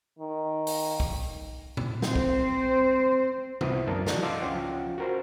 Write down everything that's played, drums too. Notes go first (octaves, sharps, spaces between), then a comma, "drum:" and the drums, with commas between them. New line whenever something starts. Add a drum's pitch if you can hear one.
D#3
drum: open hi-hat
drum: kick
drum: tom A2
C4 C5, drum: snare
drum: kick
C2 B3 E4 C5 D#6, drum: tom
F#2 D4 A#4 A5
E3 D4 F#4 F#6 G6, drum: snare
D#5 F5 A5 C6 D6 E6
C#2 F3 C#4 F4 F#5 G5
F#4 A#4 C5